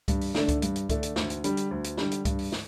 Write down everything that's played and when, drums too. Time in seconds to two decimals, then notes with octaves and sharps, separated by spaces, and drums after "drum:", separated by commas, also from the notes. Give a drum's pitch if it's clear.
0.08 G2, drum: kick C#2, hi-hat
0.21 drum: open hi-hat
0.35 D3 A3 D4, drum: snare
0.48 drum: kick C#2, hi-hat
0.62 G2, drum: hi-hat
0.76 drum: hi-hat
0.89 D3 A3 D4, drum: kick C#2, hi-hat
1.03 drum: hi-hat
1.16 D2, drum: snare
1.30 drum: hi-hat
1.44 D3 G3, drum: hi-hat
1.57 drum: hi-hat
1.71 D2
1.84 drum: hi-hat
1.97 D3 G3, drum: snare
2.11 drum: hi-hat
2.25 G2, drum: kick C#2, hi-hat
2.39 drum: open hi-hat
2.52 drum: snare